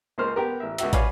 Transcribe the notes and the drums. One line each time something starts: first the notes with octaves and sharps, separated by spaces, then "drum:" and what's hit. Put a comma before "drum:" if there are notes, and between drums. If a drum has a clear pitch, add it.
C#2 A#3 C5 F6
B3 G4 A#4
A1 E5
C#2 F#4 E5, drum: hi-hat
F#4 B4 C#5 D5 F5 G#5, drum: kick, hi-hat